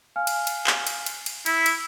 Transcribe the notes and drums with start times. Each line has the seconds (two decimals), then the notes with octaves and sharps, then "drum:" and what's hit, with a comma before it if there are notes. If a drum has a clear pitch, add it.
0.16 F5 G#5 F6
0.27 drum: cymbal
0.47 drum: cymbal
0.67 drum: clap
0.87 drum: cymbal
1.06 drum: cymbal
1.26 drum: cymbal
1.46 E4 E6, drum: cymbal
1.66 drum: cymbal